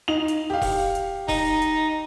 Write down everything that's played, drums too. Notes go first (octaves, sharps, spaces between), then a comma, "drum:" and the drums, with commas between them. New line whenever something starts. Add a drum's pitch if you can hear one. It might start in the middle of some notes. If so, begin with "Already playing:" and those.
D#4 F7
drum: hi-hat
G4 F5
drum: kick E1, open hi-hat
drum: hi-hat
D#4, drum: kick E1, open hi-hat
drum: hi-hat